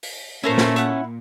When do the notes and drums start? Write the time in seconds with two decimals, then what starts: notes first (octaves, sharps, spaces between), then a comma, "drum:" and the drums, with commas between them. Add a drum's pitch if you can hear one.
0.03 drum: open hi-hat
0.44 A#2 A3 C#4 E4 A#4 C5
0.58 drum: snare
0.76 E4 F#5, drum: hi-hat